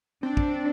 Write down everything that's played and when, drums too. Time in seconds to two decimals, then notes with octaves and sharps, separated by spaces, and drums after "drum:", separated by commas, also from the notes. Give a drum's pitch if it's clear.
0.23 C4 D4
0.37 drum: kick